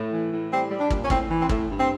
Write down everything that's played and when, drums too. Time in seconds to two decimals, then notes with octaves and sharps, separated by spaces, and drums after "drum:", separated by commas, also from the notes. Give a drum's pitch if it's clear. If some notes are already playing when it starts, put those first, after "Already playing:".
Already playing: A2
0.12 E3
0.32 A2
0.52 G3 C4
0.71 G3
0.80 D4
0.90 A#2, drum: kick
1.05 C#4
1.10 A2 C4, drum: kick
1.30 E3
1.40 C4
1.49 A2, drum: kick
1.69 G2
1.78 C4